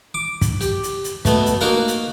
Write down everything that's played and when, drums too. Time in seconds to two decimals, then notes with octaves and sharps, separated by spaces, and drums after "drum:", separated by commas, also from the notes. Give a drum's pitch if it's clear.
0.14 D6
0.41 drum: kick, hi-hat
0.61 G4, drum: hi-hat
0.83 drum: hi-hat
1.04 drum: hi-hat
1.25 B2 A3 B3, drum: kick, hi-hat
1.46 drum: hi-hat
1.61 A#3 D#4 F#4 A#4 F5 A#5
1.88 drum: hi-hat